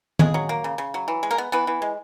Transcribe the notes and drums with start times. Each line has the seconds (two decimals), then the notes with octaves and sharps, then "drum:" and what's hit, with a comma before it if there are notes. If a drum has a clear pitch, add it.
0.19 C#3 G#3 G#4, drum: tom D#3
0.34 F#3
0.49 A#3
0.64 C#3
0.78 C#3
0.94 F#3
1.08 E3
1.23 G#3
1.31 A#3 A#4
1.38 B3
1.52 E3 B3 B4
1.67 E3
1.82 G#3